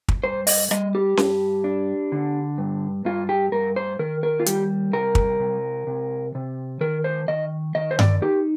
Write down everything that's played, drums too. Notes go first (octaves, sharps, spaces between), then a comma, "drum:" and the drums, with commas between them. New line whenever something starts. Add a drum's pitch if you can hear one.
drum: kick
G2 C5
D#5, drum: open hi-hat
G3 D#5, drum: rim click
G4
G2, drum: snare C#4
D4
D3
G2
G2 F4
G4
G2 A#4
C5
D#3 A#4
A#4
F4
G3 G4, drum: hi-hat
C3 A#4
drum: kick
C3
C3
C3
D#3 A#4
C5
D#3 D#5
D#3 D#5
C5
D5, drum: tom G2
D#4 G4